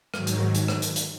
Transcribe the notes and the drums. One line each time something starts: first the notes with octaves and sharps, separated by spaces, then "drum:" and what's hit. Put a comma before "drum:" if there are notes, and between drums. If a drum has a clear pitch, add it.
G#2 D#3 F#3, drum: rim click
drum: hi-hat
drum: hi-hat
drum: rim click
drum: hi-hat
drum: hi-hat